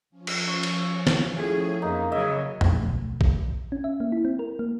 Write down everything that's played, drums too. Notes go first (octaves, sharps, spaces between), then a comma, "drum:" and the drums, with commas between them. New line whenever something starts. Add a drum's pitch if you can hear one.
F3 C#4
drum: cymbal
C#6
drum: cymbal
drum: snare
A2 G#4
F2 A#3 D#4
C#3 F#3 D#5 E5
A#1, drum: tom E2
D2 B2
drum: kick
C#4
E5
A#3
E4
C4
A#4
A#3